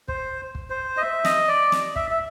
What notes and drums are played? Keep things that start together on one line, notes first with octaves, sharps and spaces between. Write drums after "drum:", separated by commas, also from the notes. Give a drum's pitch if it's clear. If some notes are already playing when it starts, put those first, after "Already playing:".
C5, drum: kick
drum: kick
C5
D#5
E5
D#5, drum: snare
D5
drum: snare
E5, drum: kick
E5